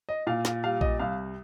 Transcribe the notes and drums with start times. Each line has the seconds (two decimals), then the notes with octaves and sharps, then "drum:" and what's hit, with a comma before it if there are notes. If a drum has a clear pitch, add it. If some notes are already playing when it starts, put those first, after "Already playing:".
0.09 D#5
0.27 A#2 F5
0.45 F5, drum: snare
0.64 G3 F5
0.81 D#5, drum: kick A#1
0.99 C2 F5